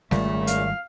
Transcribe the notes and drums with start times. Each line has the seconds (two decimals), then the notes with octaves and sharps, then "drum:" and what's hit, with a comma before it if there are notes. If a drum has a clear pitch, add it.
0.11 G#1 A#2 C#3 G3 A3, drum: snare G3
0.47 F5, drum: hi-hat